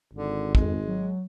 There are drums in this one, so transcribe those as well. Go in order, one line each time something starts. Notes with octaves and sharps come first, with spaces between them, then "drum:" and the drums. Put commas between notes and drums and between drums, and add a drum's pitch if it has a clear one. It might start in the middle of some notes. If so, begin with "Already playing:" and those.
G#1 D3
F2 G#3, drum: kick
F#3